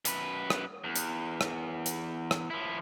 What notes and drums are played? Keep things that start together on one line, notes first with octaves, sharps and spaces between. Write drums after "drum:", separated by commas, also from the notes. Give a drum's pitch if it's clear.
F#2 B4, drum: hi-hat
drum: rim click
E2
drum: hi-hat
drum: rim click
drum: hi-hat
drum: rim click
F3 E4